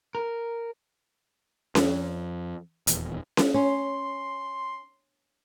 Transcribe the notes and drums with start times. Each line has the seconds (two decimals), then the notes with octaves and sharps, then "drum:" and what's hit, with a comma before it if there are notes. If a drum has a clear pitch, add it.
0.15 A#4
1.75 F2, drum: snare C#4
2.87 D#1 E2, drum: hi-hat
3.37 drum: snare C#4
3.54 C#4 C6